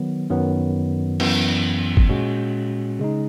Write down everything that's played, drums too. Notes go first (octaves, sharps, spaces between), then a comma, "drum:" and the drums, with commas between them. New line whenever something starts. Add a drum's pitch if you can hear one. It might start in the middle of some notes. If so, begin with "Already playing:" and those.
Already playing: D#3 F#3 B3
F#2 D#3 F#3 B3
F#2 E3 B3, drum: cymbal
drum: kick
A#2 G#3 C#4 F#4
C#3 G#3 D#4